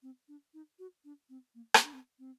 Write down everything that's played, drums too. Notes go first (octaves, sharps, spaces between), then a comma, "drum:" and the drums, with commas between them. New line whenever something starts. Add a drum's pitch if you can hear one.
C4
D4
D#4
F#4
D4
C4
A#3
A#3, drum: rim click
D4
C4
C4